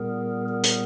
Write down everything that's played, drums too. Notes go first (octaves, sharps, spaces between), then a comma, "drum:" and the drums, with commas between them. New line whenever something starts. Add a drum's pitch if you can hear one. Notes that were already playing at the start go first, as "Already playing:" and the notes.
Already playing: A#2 G3 B3 G#4 A#4
G#4 A#4
drum: hi-hat